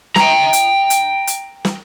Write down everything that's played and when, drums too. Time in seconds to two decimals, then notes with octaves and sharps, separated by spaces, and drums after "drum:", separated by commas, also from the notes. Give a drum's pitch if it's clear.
0.16 G5 A#5, drum: snare
0.53 drum: hi-hat
0.90 drum: hi-hat
1.27 drum: hi-hat
1.65 drum: snare